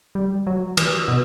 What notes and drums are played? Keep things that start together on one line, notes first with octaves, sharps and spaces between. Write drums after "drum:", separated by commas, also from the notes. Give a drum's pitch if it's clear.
G3
F#3
E3, drum: cymbal
B2